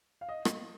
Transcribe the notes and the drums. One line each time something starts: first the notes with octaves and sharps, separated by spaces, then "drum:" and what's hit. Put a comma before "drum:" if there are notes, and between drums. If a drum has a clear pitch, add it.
F5
D#5
drum: rim click